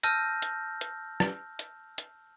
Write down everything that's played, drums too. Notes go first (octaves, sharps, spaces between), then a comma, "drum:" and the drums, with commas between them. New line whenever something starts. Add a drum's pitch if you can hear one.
A5 E6 F6 G6 A#6, drum: hi-hat
drum: hi-hat
drum: hi-hat
drum: rim click
drum: hi-hat
drum: hi-hat